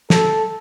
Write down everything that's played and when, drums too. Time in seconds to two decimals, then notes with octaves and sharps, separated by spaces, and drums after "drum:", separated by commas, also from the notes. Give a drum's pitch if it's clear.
0.10 A4, drum: snare